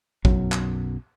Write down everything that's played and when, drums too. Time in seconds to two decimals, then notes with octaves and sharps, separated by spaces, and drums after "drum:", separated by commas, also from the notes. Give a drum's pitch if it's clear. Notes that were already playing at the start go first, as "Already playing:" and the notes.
0.25 B1 F#2 F#3, drum: kick A1
0.52 drum: clap